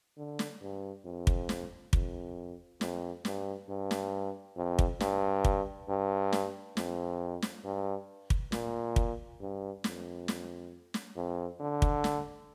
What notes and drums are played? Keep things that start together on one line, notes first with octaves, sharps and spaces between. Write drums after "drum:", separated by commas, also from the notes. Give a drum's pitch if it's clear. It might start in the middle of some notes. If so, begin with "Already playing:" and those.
D3
drum: snare
G2
F2
drum: kick
drum: snare
F2, drum: kick
F2, drum: snare
G2, drum: snare
G2
drum: snare
F2
drum: kick
G2, drum: snare
drum: kick
G2
drum: snare
F2, drum: snare
drum: snare
G2
drum: kick
A#2, drum: snare
drum: kick
G2
F2, drum: snare
drum: snare
drum: snare
F2
D3
drum: kick
drum: snare